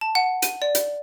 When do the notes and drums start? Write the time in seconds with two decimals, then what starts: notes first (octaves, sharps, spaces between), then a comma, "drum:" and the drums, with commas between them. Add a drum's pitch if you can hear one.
0.01 A5
0.15 F#5
0.42 D#7, drum: hi-hat
0.62 D5
0.75 drum: hi-hat